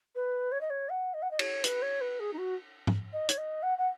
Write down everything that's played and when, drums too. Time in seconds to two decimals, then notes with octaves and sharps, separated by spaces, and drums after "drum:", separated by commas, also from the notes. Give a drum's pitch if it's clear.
0.15 B4
0.52 C#5
0.61 D#5
0.70 C#5
0.89 F#5
1.14 D#5
1.22 F#5
1.31 D#5
1.39 C#5, drum: cymbal
1.64 B4, drum: hi-hat
1.82 C#5
2.01 B4
2.20 G#4
2.33 D#4
2.38 F#4
2.87 drum: tom G#2
3.13 D#5
3.29 C#5, drum: hi-hat
3.38 D#5
3.63 F#5
3.78 F#5